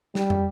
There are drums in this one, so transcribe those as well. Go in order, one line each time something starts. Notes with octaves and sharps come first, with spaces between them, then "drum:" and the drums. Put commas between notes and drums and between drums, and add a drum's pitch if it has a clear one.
G3, drum: snare
drum: tom